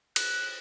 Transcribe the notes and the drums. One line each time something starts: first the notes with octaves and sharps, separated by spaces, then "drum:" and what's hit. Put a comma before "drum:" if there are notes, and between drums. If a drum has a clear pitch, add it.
F#6, drum: cymbal